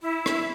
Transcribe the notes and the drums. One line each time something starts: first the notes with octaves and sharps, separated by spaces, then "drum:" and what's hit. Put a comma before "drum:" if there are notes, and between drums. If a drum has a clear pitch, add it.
E4
drum: rim click